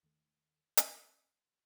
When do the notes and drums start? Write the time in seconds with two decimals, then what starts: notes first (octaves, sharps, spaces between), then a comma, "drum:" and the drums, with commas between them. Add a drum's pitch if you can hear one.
0.03 D#2 D#3 A3
0.77 drum: hi-hat